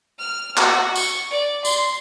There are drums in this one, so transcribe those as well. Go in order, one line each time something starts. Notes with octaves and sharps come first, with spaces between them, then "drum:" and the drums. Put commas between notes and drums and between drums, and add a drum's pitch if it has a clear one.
F6
F#4, drum: clap
C#6, drum: tambourine
D5
C6, drum: tambourine